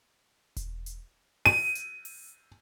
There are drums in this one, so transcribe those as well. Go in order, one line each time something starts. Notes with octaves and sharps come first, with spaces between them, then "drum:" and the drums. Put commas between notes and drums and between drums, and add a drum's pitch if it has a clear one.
drum: kick E1, hi-hat
drum: hi-hat
D#7, drum: open hi-hat
drum: hi-hat
drum: open hi-hat